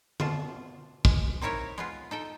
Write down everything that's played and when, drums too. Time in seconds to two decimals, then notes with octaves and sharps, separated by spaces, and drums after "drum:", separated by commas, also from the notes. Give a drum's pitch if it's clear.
0.20 B2 F4 A5, drum: tom D3
1.05 G#3, drum: kick
1.41 C4 D#4 E4 A#4 C#5
1.78 G#3 B3 F4
2.11 D#4 A4 G5